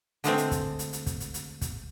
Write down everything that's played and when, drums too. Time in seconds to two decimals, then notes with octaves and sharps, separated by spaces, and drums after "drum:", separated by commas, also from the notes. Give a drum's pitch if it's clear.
0.24 D3 G#3 A3 C4, drum: hi-hat
0.38 drum: hi-hat
0.51 drum: kick, hi-hat
0.79 drum: hi-hat
0.93 drum: hi-hat
1.06 drum: kick, hi-hat
1.20 drum: hi-hat
1.34 drum: hi-hat
1.61 drum: kick, hi-hat